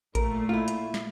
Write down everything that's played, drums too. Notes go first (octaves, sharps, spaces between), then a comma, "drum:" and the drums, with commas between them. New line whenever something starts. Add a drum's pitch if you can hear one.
A#2 A3 A#4, drum: kick A1, hi-hat
E4 F4
drum: hi-hat
drum: snare